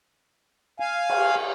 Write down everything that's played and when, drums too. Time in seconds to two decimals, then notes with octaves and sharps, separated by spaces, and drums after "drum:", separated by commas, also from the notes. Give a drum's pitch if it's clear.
0.80 F5 G#5
1.10 drum: cymbal